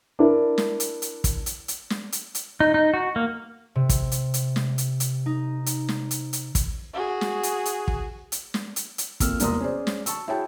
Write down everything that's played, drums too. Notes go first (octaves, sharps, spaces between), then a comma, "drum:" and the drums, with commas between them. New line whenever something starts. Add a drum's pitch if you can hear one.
D4 E4 A#4
drum: snare
drum: hi-hat
drum: hi-hat
drum: kick, hi-hat
drum: hi-hat
drum: hi-hat
drum: snare
drum: hi-hat
drum: hi-hat
D#4
D#4
F#4
A#3
C3
drum: kick, hi-hat
drum: hi-hat
drum: hi-hat
drum: snare
drum: hi-hat
drum: hi-hat
D#4
drum: hi-hat
drum: snare
drum: hi-hat
drum: hi-hat
drum: kick, hi-hat
F#4 G#4
drum: snare
drum: hi-hat
drum: hi-hat
drum: kick
drum: hi-hat
drum: snare
drum: hi-hat
drum: hi-hat
F2 A#3 E6 F6, drum: kick, hi-hat
E1 C2 A#3 A#5 C6 D#6, drum: hi-hat
C#4 G#4 C5 D5
drum: snare
A5 C#6 E6, drum: hi-hat
E4 F#4 G#4 C#5 G5 A5